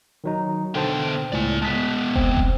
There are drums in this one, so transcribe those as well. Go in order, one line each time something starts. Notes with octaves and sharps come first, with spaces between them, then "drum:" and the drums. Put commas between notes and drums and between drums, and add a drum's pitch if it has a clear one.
D#3 F#3 D#4
B2 D3 C5 G5 A5
C#2 A2 D5 G#5
G#3 B3 A5 B6
C4, drum: kick
drum: kick